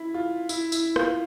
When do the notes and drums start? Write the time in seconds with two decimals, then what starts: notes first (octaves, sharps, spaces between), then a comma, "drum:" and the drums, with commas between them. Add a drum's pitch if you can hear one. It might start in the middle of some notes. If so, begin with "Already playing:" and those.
Already playing: E4
0.14 F4
0.49 E4, drum: tambourine
0.72 E4, drum: tambourine
0.96 F4, drum: rim click